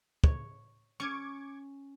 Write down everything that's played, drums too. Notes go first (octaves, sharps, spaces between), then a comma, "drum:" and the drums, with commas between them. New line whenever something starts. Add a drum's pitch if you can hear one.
C#5, drum: kick
C#4 C#6 D6 G#6